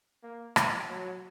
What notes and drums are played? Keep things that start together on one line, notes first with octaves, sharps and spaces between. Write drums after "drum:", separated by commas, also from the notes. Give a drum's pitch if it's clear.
A#3
drum: rim click
F#3